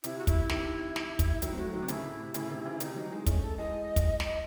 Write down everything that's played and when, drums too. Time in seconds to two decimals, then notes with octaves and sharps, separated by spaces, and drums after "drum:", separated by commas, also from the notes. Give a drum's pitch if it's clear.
0.04 C3 E4, drum: hi-hat
0.18 F#4
0.27 E4, drum: kick, hi-hat
0.49 C3 D#3, drum: snare
0.96 drum: snare
1.19 drum: kick, hi-hat
1.42 D#3 F#3 E4, drum: hi-hat
1.53 C4
1.57 F#3 A3 F#4
1.69 G#4
1.73 D#3 F#3 F#4
1.82 C3
1.88 A2 C#3 E4, drum: hi-hat
2.04 A2
2.19 C3
2.34 A2 C#3, drum: hi-hat
2.50 C3 D#3
2.65 C#3 E3
2.80 C3 D#3 D#4, drum: hi-hat
2.96 D#3 F#3 D#4
3.11 E3 G#3
3.26 A3 C#4 G#4, drum: kick, hi-hat
3.42 A4
3.57 E3 G#3 D#5
3.96 drum: kick, hi-hat
4.20 D#5, drum: snare